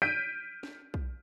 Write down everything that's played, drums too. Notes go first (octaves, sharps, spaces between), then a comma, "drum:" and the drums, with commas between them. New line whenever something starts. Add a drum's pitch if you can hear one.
F6 G6 B6 D7 D#7
drum: snare
drum: kick